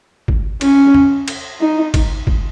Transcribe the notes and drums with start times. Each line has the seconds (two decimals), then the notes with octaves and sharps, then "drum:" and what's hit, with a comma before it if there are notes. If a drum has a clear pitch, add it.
0.28 drum: kick
0.61 C#4, drum: cymbal
0.94 drum: tom
1.28 drum: cymbal
1.61 D#4
1.94 drum: kick, cymbal
2.27 drum: kick